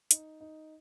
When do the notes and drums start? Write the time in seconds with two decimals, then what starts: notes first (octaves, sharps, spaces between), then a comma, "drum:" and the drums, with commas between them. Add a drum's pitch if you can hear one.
0.11 D#4, drum: hi-hat
0.41 D#4